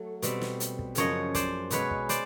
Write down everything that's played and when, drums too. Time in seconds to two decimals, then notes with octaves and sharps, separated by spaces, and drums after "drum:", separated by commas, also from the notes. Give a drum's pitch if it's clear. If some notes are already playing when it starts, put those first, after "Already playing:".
Already playing: F#3 A3
0.22 B2 G3 C4, drum: hi-hat
0.41 drum: snare
0.60 drum: hi-hat
0.79 drum: kick
0.95 F#2 C#3 F3 C#5 D#5, drum: hi-hat
1.35 C5 D5, drum: kick, hi-hat
1.70 B2 G#3 C#4 B4 C#5, drum: hi-hat
1.91 drum: kick
2.09 C5 D5, drum: hi-hat